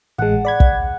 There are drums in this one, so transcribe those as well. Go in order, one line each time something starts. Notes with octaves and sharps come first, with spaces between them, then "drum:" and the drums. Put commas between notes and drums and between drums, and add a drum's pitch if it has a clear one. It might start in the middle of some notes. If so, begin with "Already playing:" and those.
A1 G#3 F#5 A5
D5 B5 G#6
drum: kick